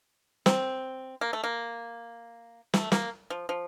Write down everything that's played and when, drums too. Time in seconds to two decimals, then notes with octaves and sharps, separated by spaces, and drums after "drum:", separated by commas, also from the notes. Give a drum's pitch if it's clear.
0.46 C4, drum: snare
1.21 A#3
1.33 A3
1.44 A#3
2.74 A3, drum: snare
2.92 A#3, drum: snare
3.30 F3
3.49 F3